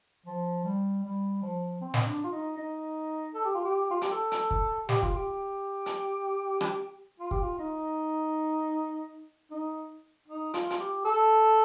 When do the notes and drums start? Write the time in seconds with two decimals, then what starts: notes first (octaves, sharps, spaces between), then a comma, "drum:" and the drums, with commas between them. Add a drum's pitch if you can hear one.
0.26 F3
0.65 G3
1.04 G3
1.42 F3
1.81 C4
1.94 drum: snare
2.06 D4
2.24 F4
2.32 D#4
2.57 D#4
3.35 A4
3.45 G4
3.55 F4
3.65 G4
3.91 F4
4.01 G4, drum: hi-hat
4.11 A4
4.31 drum: hi-hat
4.51 drum: kick
4.89 G4, drum: snare
5.03 F4, drum: kick
5.16 G4
5.86 drum: hi-hat
6.61 drum: rim click
7.20 F4
7.31 G4, drum: kick
7.41 F4
7.59 D#4
9.51 D#4
10.28 D#4
10.54 F4, drum: hi-hat
10.70 F4, drum: hi-hat
10.80 G4
11.05 A4